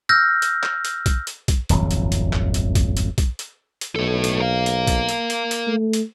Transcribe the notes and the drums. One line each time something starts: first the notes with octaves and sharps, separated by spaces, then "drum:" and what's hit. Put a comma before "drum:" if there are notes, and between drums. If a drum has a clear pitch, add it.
E6 F6 G6 A#6
drum: hi-hat
drum: clap
drum: hi-hat
drum: kick B1, hi-hat
drum: hi-hat
drum: kick B1, hi-hat
D#1 G#1 F2 F#3, drum: hi-hat
drum: hi-hat
drum: hi-hat
drum: clap
drum: hi-hat
drum: kick B1, hi-hat
drum: hi-hat
drum: kick B1, hi-hat
drum: hi-hat
drum: hi-hat
B1 A2 A4
drum: hi-hat
A#4 F5
drum: hi-hat
drum: kick B1, hi-hat
drum: hi-hat
drum: hi-hat
drum: hi-hat
A3
drum: hi-hat